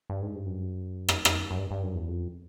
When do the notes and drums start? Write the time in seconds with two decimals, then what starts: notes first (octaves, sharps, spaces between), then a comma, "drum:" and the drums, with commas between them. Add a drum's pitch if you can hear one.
0.10 G2
0.22 G#2
0.34 G2
0.46 F#2
1.09 drum: rim click
1.25 drum: rim click
1.51 F#2
1.58 G2
1.71 G2
1.83 F#2
1.95 E2
2.08 F2